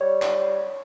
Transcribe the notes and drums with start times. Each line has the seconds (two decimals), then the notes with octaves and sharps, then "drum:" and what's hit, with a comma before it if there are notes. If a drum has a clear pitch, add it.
0.01 G3 C#5
0.22 drum: clap